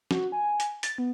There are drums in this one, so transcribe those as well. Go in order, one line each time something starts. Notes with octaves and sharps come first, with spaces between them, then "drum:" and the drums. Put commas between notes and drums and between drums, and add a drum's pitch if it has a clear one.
F#4, drum: snare
G#5
drum: hi-hat
A6, drum: hi-hat
B3